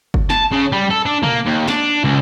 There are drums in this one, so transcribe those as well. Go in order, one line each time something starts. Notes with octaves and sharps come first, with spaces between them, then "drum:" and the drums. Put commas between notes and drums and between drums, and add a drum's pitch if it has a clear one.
drum: kick G1
A5, drum: snare
C#3
G3
A4
D4
A#3, drum: tom A#2
D#2
D4, drum: snare
C#2